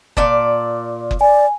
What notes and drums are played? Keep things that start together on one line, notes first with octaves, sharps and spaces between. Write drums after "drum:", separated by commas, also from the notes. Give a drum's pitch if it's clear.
A#2 D5 A5, drum: kick F#1
drum: kick F#1
D5 G#5